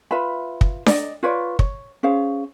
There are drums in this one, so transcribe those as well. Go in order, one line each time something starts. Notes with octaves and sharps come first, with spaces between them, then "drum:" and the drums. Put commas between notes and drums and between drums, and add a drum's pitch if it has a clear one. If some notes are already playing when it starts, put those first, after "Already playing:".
F4 B4 E5 B5
drum: kick
D5 D#5, drum: snare D4
F4 B4 C#5 D5
C#5, drum: kick
C#4 G#4 C5 F5